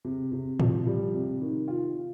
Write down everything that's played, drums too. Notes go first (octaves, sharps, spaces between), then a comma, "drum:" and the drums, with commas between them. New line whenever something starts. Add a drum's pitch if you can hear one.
C3
C3
F3, drum: tom A2
G3
C3
D#3
F4